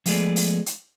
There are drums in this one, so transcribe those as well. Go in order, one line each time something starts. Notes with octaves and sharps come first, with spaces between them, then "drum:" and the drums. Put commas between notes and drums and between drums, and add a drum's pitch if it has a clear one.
F3 G#3 A3 B3 G#4 D5, drum: open hi-hat
drum: open hi-hat
drum: hi-hat